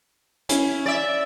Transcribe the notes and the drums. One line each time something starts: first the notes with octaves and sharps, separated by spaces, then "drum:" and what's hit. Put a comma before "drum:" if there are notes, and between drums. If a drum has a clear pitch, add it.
C#4 E4, drum: hi-hat
D5 E5